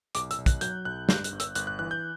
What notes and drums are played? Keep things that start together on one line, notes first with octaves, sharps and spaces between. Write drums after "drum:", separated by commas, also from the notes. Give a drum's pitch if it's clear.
B1 D6, drum: hi-hat
E6, drum: hi-hat
B1
F#6, drum: kick, hi-hat
F#3 G6, drum: hi-hat
B1 F#6
G2 G6, drum: snare
F#6, drum: hi-hat
G1
E6, drum: hi-hat
G1 F#6, drum: hi-hat
F#6
E3 F#6
G6